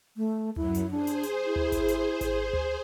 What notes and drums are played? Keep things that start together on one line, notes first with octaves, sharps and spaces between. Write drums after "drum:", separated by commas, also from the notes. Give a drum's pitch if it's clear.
A3
F#2 F#3 E4, drum: tom D2
drum: hi-hat
D4 G#4 C5
drum: hi-hat
drum: hi-hat
E4
drum: tom D2
drum: kick G#1, hi-hat
drum: hi-hat
drum: kick G#1, hi-hat
drum: tom D2